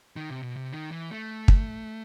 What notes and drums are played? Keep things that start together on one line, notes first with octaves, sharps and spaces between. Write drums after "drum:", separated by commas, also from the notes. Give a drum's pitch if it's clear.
D#3
C3
B2
C3
D#3
E3
A3
drum: kick